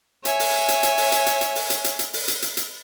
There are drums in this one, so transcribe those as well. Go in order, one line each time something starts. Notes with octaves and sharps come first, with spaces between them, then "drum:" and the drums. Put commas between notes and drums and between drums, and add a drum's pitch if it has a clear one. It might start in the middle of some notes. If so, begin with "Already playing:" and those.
C#5 E5 G#5, drum: hi-hat
drum: open hi-hat
drum: hi-hat
drum: hi-hat
drum: open hi-hat
drum: hi-hat
drum: hi-hat
drum: hi-hat
drum: open hi-hat
drum: hi-hat
drum: hi-hat
drum: hi-hat
drum: open hi-hat
drum: hi-hat
drum: hi-hat
drum: hi-hat